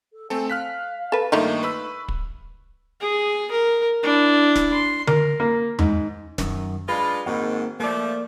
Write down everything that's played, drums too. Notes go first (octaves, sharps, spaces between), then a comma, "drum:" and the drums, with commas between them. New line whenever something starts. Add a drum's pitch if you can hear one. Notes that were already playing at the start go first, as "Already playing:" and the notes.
A4
A3 C4 A4 G#5
F5 F6 F#6 B6
A4 B4
G2 D#3 A3 A#3 D#4 F4
B4 B5 C#6 E6
drum: kick
G#4
A#4
D4 E4
drum: snare
C6
A#4, drum: tom D3
A#3
G#2, drum: tom E2
F#2 D#3, drum: snare
G#3 D4 F4 B4
G#2 D#3 A#3 C4 F#4
F3 A3 A#3 D5